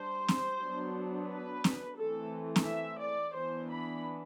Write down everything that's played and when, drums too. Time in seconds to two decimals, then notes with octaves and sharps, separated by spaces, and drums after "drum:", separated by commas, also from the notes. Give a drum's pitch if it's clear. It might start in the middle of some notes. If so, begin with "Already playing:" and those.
Already playing: G3 D4 C5
0.28 drum: snare C4
0.57 F#3 B3 D4
1.26 B4
1.64 drum: snare C4
1.96 E3 A3 C4 A4
2.56 drum: snare C4
2.66 E5
3.00 D5
3.35 E3 B3 D4 C5
3.70 B5